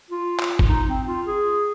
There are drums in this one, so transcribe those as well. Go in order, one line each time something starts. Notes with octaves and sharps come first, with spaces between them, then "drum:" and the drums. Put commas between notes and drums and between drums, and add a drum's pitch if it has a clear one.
F4
drum: clap
drum: kick
D#4
C4
F4
G#4